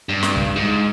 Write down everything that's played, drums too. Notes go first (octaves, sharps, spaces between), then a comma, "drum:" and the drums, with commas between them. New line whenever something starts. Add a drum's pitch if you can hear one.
G2
drum: snare
drum: kick
G#2